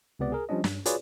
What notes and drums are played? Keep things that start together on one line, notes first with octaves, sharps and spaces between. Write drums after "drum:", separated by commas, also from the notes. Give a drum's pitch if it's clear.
C#2 C3 B3 D5
G#4 A#4
F3 G3 C#4 D4 D#5
G2, drum: snare
F4 F#4 G#4 B4 C#5 D5, drum: hi-hat